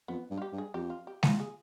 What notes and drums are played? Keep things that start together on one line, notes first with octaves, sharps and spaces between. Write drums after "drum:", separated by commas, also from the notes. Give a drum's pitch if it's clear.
F2 B3
G2
F4
G4
G2
G#4
F2 G4
F4
G4
F4, drum: snare G#3
G#4